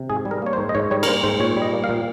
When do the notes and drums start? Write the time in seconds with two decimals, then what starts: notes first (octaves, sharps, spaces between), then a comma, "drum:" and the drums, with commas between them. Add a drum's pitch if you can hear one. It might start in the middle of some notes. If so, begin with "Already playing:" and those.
Already playing: C3
0.10 G#2 G#4
0.25 G3
0.31 A#4
0.42 A#3 C#5
0.53 C5
0.58 G#2
0.69 D#5
0.75 G#2 C#5
0.91 G3 C#5
1.03 A#4, drum: cymbal
1.07 A#3 C5
1.23 G#2 C5
1.40 A#2 C#5
1.56 G3
1.62 D#5
1.73 A#3
1.84 F5
1.89 A#2